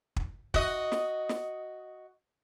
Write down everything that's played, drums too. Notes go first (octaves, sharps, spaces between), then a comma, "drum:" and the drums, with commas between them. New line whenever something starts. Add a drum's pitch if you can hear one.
drum: kick
F#4 D#5, drum: kick
drum: snare
drum: snare